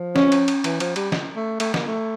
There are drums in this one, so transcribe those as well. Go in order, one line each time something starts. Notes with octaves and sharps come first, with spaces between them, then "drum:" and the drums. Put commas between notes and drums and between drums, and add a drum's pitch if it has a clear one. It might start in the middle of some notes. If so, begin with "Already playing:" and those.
Already playing: F3
C#4, drum: snare
drum: cymbal
drum: cymbal
E3, drum: cymbal
F3, drum: cymbal
G3, drum: cymbal
drum: snare
A3
A3, drum: cymbal
A#3, drum: snare
A3